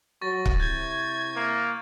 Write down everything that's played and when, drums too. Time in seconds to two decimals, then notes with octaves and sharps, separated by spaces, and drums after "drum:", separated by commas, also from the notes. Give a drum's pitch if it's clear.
0.21 F#3 C#6 A6 A#6
0.46 drum: kick
0.60 C3 E4 G6 G#6
1.36 A#3